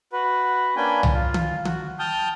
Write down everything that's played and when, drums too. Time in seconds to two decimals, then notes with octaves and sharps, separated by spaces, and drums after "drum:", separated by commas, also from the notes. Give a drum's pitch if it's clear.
0.13 F#4 B4
0.76 A#3 C#4 D4 B4 G5 G#5
1.03 drum: tom C2
1.14 F4
1.34 drum: tom D#3
1.65 F#4, drum: tom D#3
1.99 G5 A5 D#6 F6 G6